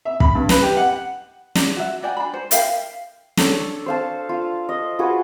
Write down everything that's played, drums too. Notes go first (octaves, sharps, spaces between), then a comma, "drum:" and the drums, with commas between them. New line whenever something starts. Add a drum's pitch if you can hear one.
E5
B5, drum: kick
G2
B4, drum: snare
G4
F#5
D5, drum: snare
F#4 E5
F#4 D5 G5 G#5
D4 B5
C5
A#4 E5 F5 G5, drum: hi-hat
D4 A4 C#5 D5, drum: snare
C5 F5 A5
F4
D#5
F4 F#4 G#4 B4